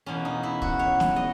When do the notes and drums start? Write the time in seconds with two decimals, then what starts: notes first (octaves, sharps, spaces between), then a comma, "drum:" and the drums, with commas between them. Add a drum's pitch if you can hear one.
0.06 E2 B2 A#3 C#4
0.25 D#4
0.43 E4
0.62 F#4, drum: kick
0.79 C#5
1.00 drum: snare
1.16 D#5